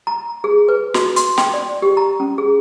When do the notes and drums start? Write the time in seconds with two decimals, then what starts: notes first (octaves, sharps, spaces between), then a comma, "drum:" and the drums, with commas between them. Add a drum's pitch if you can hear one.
0.07 A#5
0.44 G#4
0.68 B4
0.94 F#4, drum: snare
1.16 C6, drum: hi-hat
1.38 G5, drum: snare
1.54 D5
1.82 G4
1.97 A#5
2.20 C#4
2.38 G#4